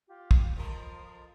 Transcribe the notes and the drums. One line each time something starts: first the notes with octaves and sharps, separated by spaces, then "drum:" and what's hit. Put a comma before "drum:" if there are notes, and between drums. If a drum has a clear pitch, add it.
F4 G4
drum: kick
F2 F3 A#4 C6 D#6